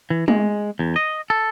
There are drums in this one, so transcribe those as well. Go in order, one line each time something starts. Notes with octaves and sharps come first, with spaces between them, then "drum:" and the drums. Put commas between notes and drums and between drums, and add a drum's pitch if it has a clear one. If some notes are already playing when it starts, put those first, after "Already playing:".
E3
G#3, drum: tom G#3
E2
D#5
A4